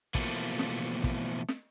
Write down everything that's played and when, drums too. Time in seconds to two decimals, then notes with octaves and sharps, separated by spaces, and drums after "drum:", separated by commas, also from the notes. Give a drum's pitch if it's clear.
0.15 B2 E3 F3 A3 A#3, drum: kick, hi-hat
0.59 drum: snare
1.04 drum: kick, hi-hat
1.48 drum: snare